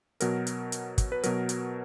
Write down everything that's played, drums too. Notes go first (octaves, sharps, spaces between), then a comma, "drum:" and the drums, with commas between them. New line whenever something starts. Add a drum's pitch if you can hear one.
B2 F#3 A#4, drum: hi-hat
drum: hi-hat
drum: hi-hat
drum: kick, hi-hat
B4
B2 F#3 A#4, drum: hi-hat
drum: hi-hat